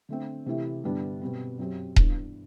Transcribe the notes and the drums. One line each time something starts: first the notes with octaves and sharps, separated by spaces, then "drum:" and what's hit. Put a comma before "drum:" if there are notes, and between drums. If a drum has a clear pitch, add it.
D3 A3 C4
C3 E3 A3 E4 G4
G2 D3 G3 B3 D4
B2 G3 C4
F#2 F#3 C4 G4
G2 E3 B3 D4, drum: kick D#1